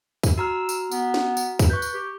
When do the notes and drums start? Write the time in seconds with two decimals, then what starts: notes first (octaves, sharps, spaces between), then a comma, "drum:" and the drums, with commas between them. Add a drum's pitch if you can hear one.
0.23 drum: kick, tambourine
0.38 F#4 A#5 E6 F6
0.69 drum: tambourine
0.91 B3, drum: tambourine
1.14 drum: snare
1.37 drum: tambourine
1.59 drum: kick, tambourine
1.70 B4 C#6 G6
1.82 drum: tambourine
1.94 G4